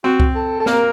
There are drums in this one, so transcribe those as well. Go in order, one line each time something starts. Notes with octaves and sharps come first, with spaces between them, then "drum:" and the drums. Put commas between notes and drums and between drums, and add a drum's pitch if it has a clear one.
C4 F#4
drum: kick C2
A4
A4
A#3 A#4, drum: snare C4